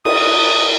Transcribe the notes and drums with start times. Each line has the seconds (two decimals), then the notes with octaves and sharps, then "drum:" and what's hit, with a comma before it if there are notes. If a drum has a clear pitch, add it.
0.05 D#6, drum: cymbal